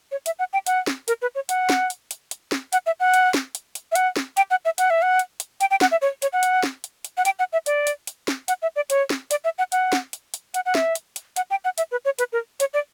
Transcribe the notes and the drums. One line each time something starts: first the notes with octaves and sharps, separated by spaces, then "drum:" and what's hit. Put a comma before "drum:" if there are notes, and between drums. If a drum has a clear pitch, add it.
C#5
E5, drum: hi-hat
F#5
G5
F#5, drum: hi-hat
drum: snare
A#4, drum: hi-hat
B4
C#5
F#5, drum: hi-hat
drum: snare
drum: hi-hat
drum: hi-hat
drum: hi-hat
drum: snare
F#5, drum: hi-hat
E5
F#5
drum: hi-hat
drum: snare
drum: hi-hat
drum: hi-hat
E5
F#5, drum: hi-hat
drum: snare
G5, drum: hi-hat
F#5
E5
F#5, drum: hi-hat
E5
F#5
drum: hi-hat
drum: hi-hat
G5, drum: hi-hat
G5
F#5, drum: snare
E5
C#5
C#5, drum: hi-hat
F#5
drum: hi-hat
drum: snare
drum: hi-hat
drum: hi-hat
F#5
G5, drum: hi-hat
F#5
E5
D5, drum: hi-hat
drum: hi-hat
drum: hi-hat
drum: snare
F#5, drum: hi-hat
E5
D5
C#5, drum: hi-hat
drum: snare
D5, drum: hi-hat
E5
F#5
F#5, drum: hi-hat
drum: snare
drum: hi-hat
drum: hi-hat
F#5, drum: hi-hat
F#5
E5, drum: snare
drum: hi-hat
drum: hi-hat
F#5, drum: hi-hat
G5
F#5
E5, drum: hi-hat
B4
C#5
B4, drum: hi-hat
A#4
C#5, drum: hi-hat
D5